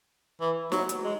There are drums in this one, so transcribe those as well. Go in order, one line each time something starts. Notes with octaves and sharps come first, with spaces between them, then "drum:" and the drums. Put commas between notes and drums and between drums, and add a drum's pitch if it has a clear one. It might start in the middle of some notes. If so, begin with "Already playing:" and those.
E3
F#3, drum: snare
drum: hi-hat
G#3